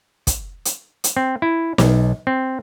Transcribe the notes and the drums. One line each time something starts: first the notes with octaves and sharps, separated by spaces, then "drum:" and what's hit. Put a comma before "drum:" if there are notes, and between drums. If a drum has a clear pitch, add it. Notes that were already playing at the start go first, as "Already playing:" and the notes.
drum: kick, hi-hat
drum: hi-hat
drum: hi-hat
C4
E4
B1, drum: snare
C4